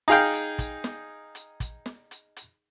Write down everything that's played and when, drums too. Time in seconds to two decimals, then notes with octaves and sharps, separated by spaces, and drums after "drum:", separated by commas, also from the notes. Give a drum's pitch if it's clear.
0.08 D#4 G#4 F5 G5, drum: hi-hat
0.33 drum: hi-hat
0.59 drum: kick, hi-hat
0.84 drum: snare
1.35 drum: hi-hat
1.60 drum: kick, hi-hat
1.86 drum: snare
2.11 drum: hi-hat
2.36 drum: hi-hat